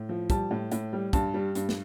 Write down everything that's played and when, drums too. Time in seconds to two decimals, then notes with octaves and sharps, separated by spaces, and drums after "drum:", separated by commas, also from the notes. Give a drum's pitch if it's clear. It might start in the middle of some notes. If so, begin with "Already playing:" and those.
Already playing: A2
0.09 F3
0.30 G3 A5, drum: kick, hi-hat
0.51 A2
0.72 A2, drum: hi-hat
0.93 G3
1.13 G2 A5, drum: kick, hi-hat
1.34 G3
1.55 G2, drum: hi-hat
1.69 drum: snare